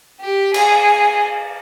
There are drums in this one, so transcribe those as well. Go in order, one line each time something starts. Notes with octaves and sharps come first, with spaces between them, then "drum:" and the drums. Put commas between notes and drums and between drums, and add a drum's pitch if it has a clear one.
G4
G#4, drum: cymbal